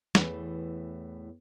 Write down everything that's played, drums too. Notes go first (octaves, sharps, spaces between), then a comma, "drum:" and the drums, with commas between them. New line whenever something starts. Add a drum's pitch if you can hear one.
E2 A2 E3, drum: snare